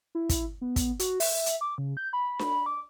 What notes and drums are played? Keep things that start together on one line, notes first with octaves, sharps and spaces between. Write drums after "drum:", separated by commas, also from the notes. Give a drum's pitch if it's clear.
E4
drum: kick, hi-hat
B3
drum: kick, hi-hat
F#4, drum: hi-hat
E5, drum: open hi-hat
drum: hi-hat
D6
C#3
G6
B5
drum: snare D4
D6